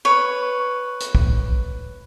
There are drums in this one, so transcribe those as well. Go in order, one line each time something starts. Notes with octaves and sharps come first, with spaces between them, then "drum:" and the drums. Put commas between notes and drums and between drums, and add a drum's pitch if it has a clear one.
B4 C#5
drum: hi-hat
drum: kick